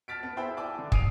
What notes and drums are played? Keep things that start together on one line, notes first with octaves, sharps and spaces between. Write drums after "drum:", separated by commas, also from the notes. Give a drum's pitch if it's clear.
A5 F6 A6 B6 D7
B3
E4 G#4 C5 G5 B5 E6
D5 G#5 A5 D6 E6
D3
D#6 C7 D7 D#7 F7, drum: kick